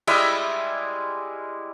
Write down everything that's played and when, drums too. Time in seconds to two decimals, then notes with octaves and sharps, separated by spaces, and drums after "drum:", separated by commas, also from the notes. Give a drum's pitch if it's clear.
0.07 G3 G#3 E4 E5, drum: cymbal